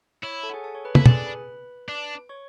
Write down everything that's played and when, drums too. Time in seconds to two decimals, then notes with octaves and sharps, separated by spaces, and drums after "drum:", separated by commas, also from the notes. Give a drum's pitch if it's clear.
0.23 E4 C#5 C#6
0.33 C#5 C#6
0.43 A4 A5
0.50 F#5
0.54 G#4 G#5
0.64 A4 A5
0.75 C#5 C#6
0.85 B4 B5
0.95 E4 A4 A5, drum: tom
1.06 D4 G#4 G#5, drum: tom
1.26 B4 B5
1.89 D4
2.29 C#5 C#6